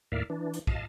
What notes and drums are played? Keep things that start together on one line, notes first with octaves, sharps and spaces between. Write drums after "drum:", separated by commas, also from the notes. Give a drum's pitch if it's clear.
D#2 A2 A#4 D5 E5 F5
E3 D4
drum: hi-hat
D#5 F5 A5, drum: kick